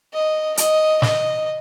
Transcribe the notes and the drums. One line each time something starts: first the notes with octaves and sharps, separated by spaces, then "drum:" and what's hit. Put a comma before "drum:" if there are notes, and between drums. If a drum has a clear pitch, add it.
D#5
D#5, drum: hi-hat
D#5, drum: snare